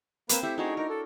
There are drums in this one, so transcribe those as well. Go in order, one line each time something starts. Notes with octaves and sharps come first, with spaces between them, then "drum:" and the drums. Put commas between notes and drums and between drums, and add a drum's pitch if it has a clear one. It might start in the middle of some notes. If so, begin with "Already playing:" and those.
A#3 C4 B4 C5 F5, drum: hi-hat
A3 E4 G4 E5
D4 D#4 F#4 G#4 C#5
D#4 A#4
A4